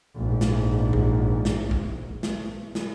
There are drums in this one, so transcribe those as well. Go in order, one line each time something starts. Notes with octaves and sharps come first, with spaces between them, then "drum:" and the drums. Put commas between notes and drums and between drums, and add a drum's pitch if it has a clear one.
A#1 G#2
drum: snare
drum: kick
drum: snare
drum: kick
drum: snare
drum: snare